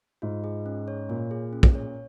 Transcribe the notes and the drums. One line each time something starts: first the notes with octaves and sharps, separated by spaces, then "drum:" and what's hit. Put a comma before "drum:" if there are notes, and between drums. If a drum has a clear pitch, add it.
G#2 F4
G#4
C#4
C#5
A#2 F4
G#4
C#4
drum: kick
C#5